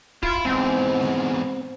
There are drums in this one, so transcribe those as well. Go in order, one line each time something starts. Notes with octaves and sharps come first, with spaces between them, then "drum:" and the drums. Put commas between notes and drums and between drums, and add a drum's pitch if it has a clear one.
E4 F4, drum: kick
E2 G#2 C4
drum: snare G3